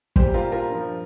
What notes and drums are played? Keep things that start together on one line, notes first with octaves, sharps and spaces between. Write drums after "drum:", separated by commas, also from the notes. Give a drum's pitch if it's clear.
C2 A#2 G3 G4 C5, drum: kick
F4 A#4
F4 A#4
G2 F3